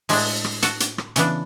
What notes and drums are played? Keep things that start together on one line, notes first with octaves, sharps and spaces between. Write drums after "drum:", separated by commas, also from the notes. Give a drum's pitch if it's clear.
A2 G#3 D4, drum: open hi-hat
drum: rim click
F#4 A4, drum: hi-hat
drum: hi-hat
drum: rim click
C#3 E3 B3 D4, drum: hi-hat